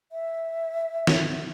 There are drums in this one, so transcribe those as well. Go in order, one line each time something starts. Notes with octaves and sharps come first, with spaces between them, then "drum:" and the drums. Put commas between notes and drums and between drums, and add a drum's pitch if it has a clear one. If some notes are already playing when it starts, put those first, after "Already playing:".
E5
drum: snare